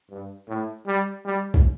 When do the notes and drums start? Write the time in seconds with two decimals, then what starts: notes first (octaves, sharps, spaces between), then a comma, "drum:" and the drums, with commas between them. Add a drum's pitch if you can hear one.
0.10 G2
0.48 A2
0.86 G3
1.25 G3
1.54 drum: kick B1